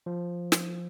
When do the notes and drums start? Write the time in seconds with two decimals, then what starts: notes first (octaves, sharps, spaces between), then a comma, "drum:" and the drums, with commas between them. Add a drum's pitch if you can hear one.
0.06 F3
0.52 drum: snare